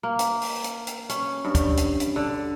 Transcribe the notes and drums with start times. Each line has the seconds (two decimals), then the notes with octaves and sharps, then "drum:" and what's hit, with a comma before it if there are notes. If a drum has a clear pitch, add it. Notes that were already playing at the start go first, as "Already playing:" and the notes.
0.03 A#3
0.19 drum: hi-hat
0.42 drum: open hi-hat
0.64 drum: hi-hat
0.87 drum: hi-hat
1.09 C#4, drum: hi-hat
1.45 G2
1.55 drum: kick, hi-hat
1.77 drum: hi-hat
2.00 drum: hi-hat
2.16 D3